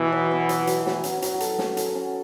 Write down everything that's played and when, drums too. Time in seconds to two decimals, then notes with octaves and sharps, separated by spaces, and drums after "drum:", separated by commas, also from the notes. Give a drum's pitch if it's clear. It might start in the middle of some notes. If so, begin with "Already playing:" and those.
Already playing: B2 E3 E4
0.12 F#3
0.31 B3
0.49 F#3, drum: hi-hat
0.67 F#3, drum: hi-hat
0.86 F#3, drum: snare
1.03 C#4, drum: hi-hat
1.22 F#3, drum: hi-hat
1.40 A4, drum: hi-hat
1.58 C#4, drum: snare
1.77 A4, drum: hi-hat
1.95 C#4